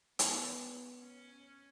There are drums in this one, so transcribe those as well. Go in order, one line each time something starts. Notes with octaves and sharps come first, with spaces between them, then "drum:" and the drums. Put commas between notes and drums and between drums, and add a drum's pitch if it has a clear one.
B3, drum: hi-hat
C#4